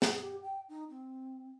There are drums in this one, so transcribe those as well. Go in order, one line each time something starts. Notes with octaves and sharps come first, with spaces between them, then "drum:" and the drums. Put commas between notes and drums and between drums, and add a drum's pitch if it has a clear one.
G#4, drum: snare
G4
G5
D#4
C4